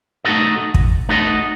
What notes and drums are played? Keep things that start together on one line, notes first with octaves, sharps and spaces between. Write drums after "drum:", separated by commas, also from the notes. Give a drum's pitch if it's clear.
A3 D#4 F#4 A4 D#5
drum: kick
A3 D#4 F#4 A4 D#5